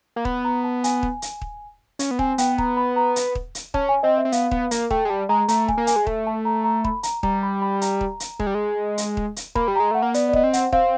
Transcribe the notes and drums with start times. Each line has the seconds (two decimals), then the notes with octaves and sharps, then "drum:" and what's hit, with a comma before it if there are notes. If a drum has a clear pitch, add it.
0.16 A#3
0.25 B3, drum: kick
0.45 A#5
0.64 A5
0.84 G#5, drum: hi-hat
1.03 drum: kick
1.22 drum: hi-hat
1.41 drum: kick
1.99 C#4, drum: hi-hat
2.11 B3
2.19 C4 G#5, drum: kick
2.38 B3 G5, drum: hi-hat
2.58 A#5, drum: kick
2.77 B5
2.96 A#5
3.16 drum: hi-hat
3.35 drum: kick
3.55 drum: hi-hat
3.74 C#4 A5, drum: kick
3.89 G#5
4.03 C4 D#5
4.18 E5
4.25 C4
4.32 B3 F5, drum: hi-hat
4.51 B3, drum: kick
4.71 A#3, drum: hi-hat
4.90 A3 G5, drum: kick
5.05 G#3
5.09 G3 A5
5.29 G#3 A#5
5.48 A3 A#5, drum: hi-hat
5.68 G#5, drum: kick
5.78 A#3
5.87 G#5, drum: hi-hat
5.96 G#3
6.07 A3 A5, drum: kick
6.27 A5
6.45 A#5
6.64 A#5
6.84 B5, drum: kick
7.03 A#5, drum: hi-hat
7.23 G3 A#5, drum: kick
7.43 B5
7.62 B5
7.81 A#5, drum: hi-hat
8.01 drum: kick
8.20 drum: hi-hat
8.40 G#3, drum: kick
8.47 G3
8.54 G#3
8.98 drum: hi-hat
9.17 drum: kick
9.36 drum: hi-hat
9.55 A#3 B5, drum: kick
9.68 G3
9.76 G#3 A#5
9.91 A3 F#5
10.02 A#3
10.14 B3 D5, drum: hi-hat
10.29 D5
10.33 B3 D#5, drum: kick
10.44 C4
10.53 F#5, drum: hi-hat
10.72 C4 F5, drum: kick